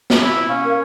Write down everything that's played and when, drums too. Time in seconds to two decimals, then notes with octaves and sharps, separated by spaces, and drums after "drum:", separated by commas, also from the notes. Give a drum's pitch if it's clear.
0.10 drum: snare
0.23 E4
0.49 C#4 F5
0.64 A#4